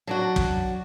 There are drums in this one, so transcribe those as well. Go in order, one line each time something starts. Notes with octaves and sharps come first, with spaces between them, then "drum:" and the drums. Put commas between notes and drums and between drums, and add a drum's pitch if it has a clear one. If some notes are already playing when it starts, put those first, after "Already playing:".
F#3 D4 F#4
drum: kick